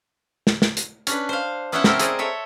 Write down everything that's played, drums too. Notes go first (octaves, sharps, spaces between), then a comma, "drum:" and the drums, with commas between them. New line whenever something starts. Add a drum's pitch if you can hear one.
drum: snare
drum: snare
drum: hi-hat
C#4 D4 B4, drum: hi-hat
C5 F5
B3 C#4 E4 B4 C5 F#5
C4 C#4 E4 A4 A#4 C5, drum: snare
G#4 C5 D5 D#5 F#5, drum: hi-hat
A4 C#5 E5